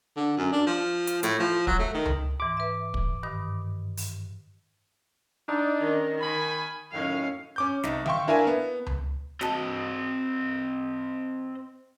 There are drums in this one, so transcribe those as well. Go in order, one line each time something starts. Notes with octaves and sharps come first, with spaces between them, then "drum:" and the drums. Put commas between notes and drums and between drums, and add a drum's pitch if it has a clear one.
D3
F#2
D4
F3
drum: hi-hat
A2, drum: hi-hat
F3
F#3, drum: kick
A3
D#3
drum: tom C#2
G#2 E3 D6
B4 E5
drum: kick
G2 D#3 D#6
drum: open hi-hat
D4 D#4
D#3 C#4
D#3 G#5 B5
F#2 A2 D#3 C#4 F5
C#4 D6 G6
C2 D#4, drum: snare
E5 F5 G5 C6 C#6, drum: tom D#3
D4 E4 A#4 E5 F5 G#5
B3
drum: tom C#2
C4 F#4 D#5 A5, drum: snare